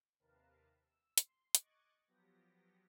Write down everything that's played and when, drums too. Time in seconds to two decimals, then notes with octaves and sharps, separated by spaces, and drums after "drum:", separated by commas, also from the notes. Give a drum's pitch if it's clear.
0.19 D#2 C3 A#4 B4 F5 A5
0.82 E6
1.18 C6, drum: hi-hat
1.55 D#5 C#6 D6 F#6 G#6 A6, drum: hi-hat
2.08 F3 F#3 B3 G4 A#6